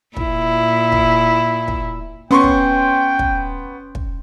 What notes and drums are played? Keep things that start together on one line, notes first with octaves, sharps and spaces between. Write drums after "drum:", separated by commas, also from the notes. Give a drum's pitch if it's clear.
A#2 E4, drum: kick
drum: kick
drum: kick
B3 C#4 G5 C6 C#6
drum: kick
drum: kick
drum: kick